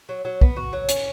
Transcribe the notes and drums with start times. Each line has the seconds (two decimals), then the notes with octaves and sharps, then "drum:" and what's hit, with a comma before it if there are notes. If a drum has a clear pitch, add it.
0.09 F#3
0.25 F#3
0.41 B3, drum: kick
0.57 F#4
0.73 F#3
0.89 C#4, drum: hi-hat